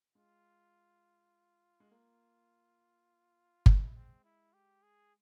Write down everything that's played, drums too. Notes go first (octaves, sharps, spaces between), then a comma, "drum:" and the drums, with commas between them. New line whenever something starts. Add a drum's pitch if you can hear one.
G#3 F4
G#3
A#3 F4
G#3 E4, drum: kick G1
C4
E4
G4
G#4